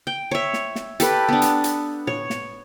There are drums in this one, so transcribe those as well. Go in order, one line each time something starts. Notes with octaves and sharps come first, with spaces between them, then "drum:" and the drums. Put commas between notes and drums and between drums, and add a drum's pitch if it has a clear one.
G5
C#5 E5
drum: snare
drum: snare
G4 A4 B4, drum: hi-hat
B3 D4
drum: hi-hat
drum: hi-hat
C#5, drum: tom
drum: snare